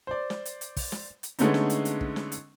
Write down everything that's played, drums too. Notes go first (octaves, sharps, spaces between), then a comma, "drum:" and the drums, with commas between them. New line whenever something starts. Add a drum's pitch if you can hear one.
C5 D5
drum: snare
drum: hi-hat
drum: hi-hat
drum: kick, open hi-hat
drum: snare
drum: hi-hat
D3 G#3 A3 B3 C#4 D#4, drum: hi-hat
drum: snare
drum: hi-hat
drum: hi-hat
drum: kick
drum: snare
drum: hi-hat